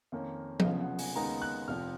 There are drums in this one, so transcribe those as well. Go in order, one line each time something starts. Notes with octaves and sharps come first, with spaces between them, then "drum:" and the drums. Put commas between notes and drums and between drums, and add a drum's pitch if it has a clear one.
F2 D#3 A#3 C#4
D#5, drum: tom F3
F1 F2 C#3 F3 B3 F5
F#5
G#5, drum: open hi-hat
D#2 C#3 G#3 B3 D#4 A#5
F#6
F1 F2 F3 F6